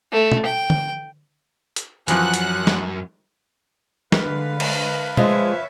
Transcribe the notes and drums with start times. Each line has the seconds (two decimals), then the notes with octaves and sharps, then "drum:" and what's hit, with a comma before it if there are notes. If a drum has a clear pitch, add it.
0.12 A3
0.32 drum: tom
0.45 G5
0.70 drum: tom D3
1.76 drum: hi-hat
2.08 F#2 E3 F3 F#5 F#6, drum: hi-hat
2.34 drum: hi-hat
2.67 drum: snare
4.12 D3 G#3 B4 F5, drum: snare
4.60 drum: cymbal
5.17 F3 G#3 F4 C#5 D#5 E5, drum: tom